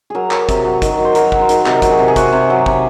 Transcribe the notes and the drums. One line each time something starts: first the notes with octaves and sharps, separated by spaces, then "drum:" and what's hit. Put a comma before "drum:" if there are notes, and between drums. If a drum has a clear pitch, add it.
F#3 G#4 A#4
F#3, drum: clap
C3, drum: kick, hi-hat
F#3
D#3, drum: kick, hi-hat
F#3
C5
F#3 A#4, drum: hi-hat
F#3, drum: kick
C5
D#3, drum: hi-hat
C3 A#4, drum: clap
F#3 F#4, drum: kick, hi-hat
G#4
C3
G#4
C3 F#4, drum: kick, hi-hat
C3
F#3
C3, drum: kick